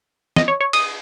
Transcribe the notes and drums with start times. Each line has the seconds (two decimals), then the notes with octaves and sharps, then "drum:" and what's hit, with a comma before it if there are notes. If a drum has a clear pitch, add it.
0.36 D#5, drum: snare
0.48 C#5
0.61 C#5
0.73 D#6, drum: cymbal